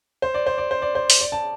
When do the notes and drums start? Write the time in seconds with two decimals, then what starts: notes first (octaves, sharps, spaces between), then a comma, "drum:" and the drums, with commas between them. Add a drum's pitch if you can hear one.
0.22 C5
0.34 D5
0.46 C5
0.58 D5
0.71 C5
0.82 D5
0.95 C5
1.10 drum: open hi-hat
1.21 D5
1.32 A5